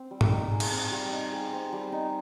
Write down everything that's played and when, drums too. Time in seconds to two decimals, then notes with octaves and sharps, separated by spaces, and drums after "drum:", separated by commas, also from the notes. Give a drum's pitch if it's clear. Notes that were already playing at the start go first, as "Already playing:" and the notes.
Already playing: C4
0.11 G3
0.21 drum: tom G#2
0.31 D#4
0.51 G#4
0.60 drum: cymbal
0.71 C4
0.92 G3
1.11 D#4
1.32 G#4
1.53 C4
1.72 G3
1.92 D#4